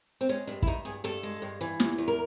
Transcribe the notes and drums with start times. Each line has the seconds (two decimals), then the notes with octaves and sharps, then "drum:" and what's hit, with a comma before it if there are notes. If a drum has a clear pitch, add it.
0.21 C4
0.29 G#3 C#4
0.47 G2 D4
0.62 E4, drum: kick
0.67 G2 D#4
0.85 G2 G#4
1.04 G2 A4
1.23 G#3
1.42 G2
1.61 E3
1.80 E2, drum: snare
1.98 E2
2.08 A#4